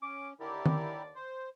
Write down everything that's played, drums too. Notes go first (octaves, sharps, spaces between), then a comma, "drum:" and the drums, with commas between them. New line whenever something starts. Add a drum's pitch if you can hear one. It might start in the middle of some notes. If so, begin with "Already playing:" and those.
C#4 D6
D#2 D3 E4 G4 A#4 D5
drum: tom D#3
C5